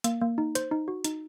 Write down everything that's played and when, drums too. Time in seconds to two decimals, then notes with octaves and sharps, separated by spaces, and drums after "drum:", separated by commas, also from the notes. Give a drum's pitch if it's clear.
0.04 A#3, drum: hi-hat
0.21 A#3
0.38 D#4
0.55 C5, drum: hi-hat
0.71 D#4
0.88 F#4
1.04 D#4, drum: hi-hat